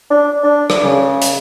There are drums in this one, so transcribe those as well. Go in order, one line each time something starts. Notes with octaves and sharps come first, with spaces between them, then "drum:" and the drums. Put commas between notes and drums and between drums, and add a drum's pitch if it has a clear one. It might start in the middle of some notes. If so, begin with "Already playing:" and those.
D4
D4
drum: rim click
C#3
drum: hi-hat